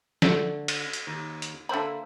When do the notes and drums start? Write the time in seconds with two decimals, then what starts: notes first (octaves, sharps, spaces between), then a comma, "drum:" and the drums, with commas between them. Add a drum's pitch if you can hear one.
0.22 D3 A3, drum: snare
0.68 drum: cymbal
0.93 drum: hi-hat
1.07 D#2
1.42 drum: hi-hat
1.69 D3 A#3 C5 E5 B5